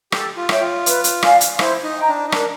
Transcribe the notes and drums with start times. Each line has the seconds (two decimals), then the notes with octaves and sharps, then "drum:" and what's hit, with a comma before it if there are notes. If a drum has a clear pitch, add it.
0.12 G4 A4, drum: rim click
0.37 F4
0.49 C#5 E5 G5, drum: rim click
0.61 F4
0.86 B4, drum: hi-hat
1.04 drum: hi-hat
1.23 D5 F5 G#5, drum: rim click
1.41 drum: hi-hat
1.59 E4 C5, drum: rim click
1.83 D#4
1.96 D#5 G5 A#5
2.08 D4
2.28 D#4
2.32 D4 A#4, drum: rim click